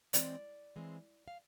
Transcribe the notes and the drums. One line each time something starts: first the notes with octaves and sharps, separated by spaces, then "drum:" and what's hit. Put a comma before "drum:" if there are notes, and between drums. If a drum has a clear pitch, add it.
E3 G#3 C4 D5, drum: hi-hat
E3 G#3 C4
F5